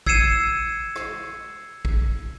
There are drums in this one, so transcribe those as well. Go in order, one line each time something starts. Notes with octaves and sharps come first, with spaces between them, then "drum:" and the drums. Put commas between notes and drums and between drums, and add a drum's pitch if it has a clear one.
E6 G#6 C7 C#7 D#7 E7, drum: kick A1
drum: rim click
drum: kick A1